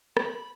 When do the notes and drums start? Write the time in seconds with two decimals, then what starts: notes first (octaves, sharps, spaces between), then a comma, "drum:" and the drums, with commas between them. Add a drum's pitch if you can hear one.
0.17 B5, drum: rim click